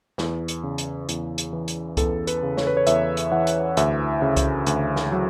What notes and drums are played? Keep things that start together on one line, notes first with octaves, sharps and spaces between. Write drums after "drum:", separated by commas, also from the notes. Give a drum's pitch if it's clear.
E2, drum: snare
drum: hi-hat
C#3
drum: hi-hat
E2, drum: hi-hat
drum: hi-hat
E3
drum: hi-hat
E2 A4, drum: kick C2, hi-hat
B4, drum: hi-hat
C#3
C#5, drum: snare
B4
C#5
E2 E5, drum: hi-hat
drum: hi-hat
E3 F#5
drum: hi-hat
D2 E5, drum: hi-hat
C#3
drum: kick C2, hi-hat
D2, drum: hi-hat
drum: snare
F#3